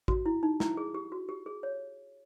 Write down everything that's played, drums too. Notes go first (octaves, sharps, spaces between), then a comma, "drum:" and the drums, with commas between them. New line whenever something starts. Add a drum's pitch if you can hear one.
F#4, drum: kick A1
E4
D#4
E4, drum: snare
G#4
G4
F#4
G4
G#4
C#5